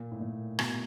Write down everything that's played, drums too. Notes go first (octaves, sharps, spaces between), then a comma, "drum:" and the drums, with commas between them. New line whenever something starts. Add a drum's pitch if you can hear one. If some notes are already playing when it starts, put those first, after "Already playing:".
Already playing: A#2
A2
A#2
B2, drum: rim click